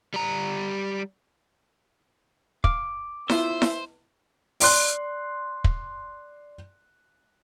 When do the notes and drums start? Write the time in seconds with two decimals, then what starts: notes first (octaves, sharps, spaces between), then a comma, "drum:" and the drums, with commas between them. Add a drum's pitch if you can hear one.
0.14 G3 A#5
2.64 F5 D6, drum: kick
3.29 B3 E4 F4 C5 E5 E6, drum: snare E4
3.62 drum: snare E4
4.60 D5 C6 F#6, drum: open hi-hat
5.64 drum: kick